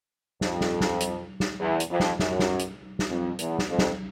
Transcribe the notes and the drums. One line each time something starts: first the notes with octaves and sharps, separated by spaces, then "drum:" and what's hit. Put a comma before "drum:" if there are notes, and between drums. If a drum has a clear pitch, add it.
F2, drum: snare
drum: snare
drum: snare
drum: hi-hat
drum: snare
E2
drum: hi-hat
F2
drum: snare
F#2, drum: snare
drum: snare
drum: hi-hat
drum: snare
F2
E2, drum: hi-hat
drum: snare
F2
drum: snare